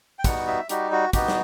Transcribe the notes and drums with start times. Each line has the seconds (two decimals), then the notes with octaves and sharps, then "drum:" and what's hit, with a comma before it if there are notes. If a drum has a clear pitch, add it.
0.19 G5
0.24 G3 B3 D#4 F#4 F#5, drum: kick, hi-hat
0.47 E5
0.69 G3 D#4 F#4 G4, drum: hi-hat
0.92 F#4
1.13 B3 D#4 F#4 G4, drum: kick, hi-hat
1.28 drum: snare